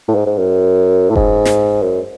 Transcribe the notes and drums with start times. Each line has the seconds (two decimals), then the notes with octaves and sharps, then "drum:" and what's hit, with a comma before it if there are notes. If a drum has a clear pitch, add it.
0.08 A2
0.15 G#2
0.26 G#2
0.38 F#2
1.10 A2
1.15 G#2, drum: kick F#1
1.45 drum: snare
1.82 F#2